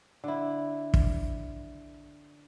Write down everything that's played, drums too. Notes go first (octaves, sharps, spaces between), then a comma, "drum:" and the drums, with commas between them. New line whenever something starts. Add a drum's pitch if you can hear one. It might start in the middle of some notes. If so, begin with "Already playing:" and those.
D3 E4
drum: kick